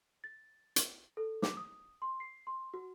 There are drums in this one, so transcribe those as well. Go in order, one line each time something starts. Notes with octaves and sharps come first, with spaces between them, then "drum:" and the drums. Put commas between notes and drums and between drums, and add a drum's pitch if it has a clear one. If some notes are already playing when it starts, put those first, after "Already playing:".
A6
drum: hi-hat
A4
D6, drum: snare
D#6
C6
C7
C6
F#4